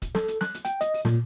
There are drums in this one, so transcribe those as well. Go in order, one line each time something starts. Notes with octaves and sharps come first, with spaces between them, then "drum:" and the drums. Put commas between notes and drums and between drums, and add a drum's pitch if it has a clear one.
drum: kick, hi-hat
A4, drum: snare
drum: hi-hat
F#6, drum: snare
drum: hi-hat
G5, drum: hi-hat
D#5, drum: hi-hat
drum: open hi-hat
A#2, drum: snare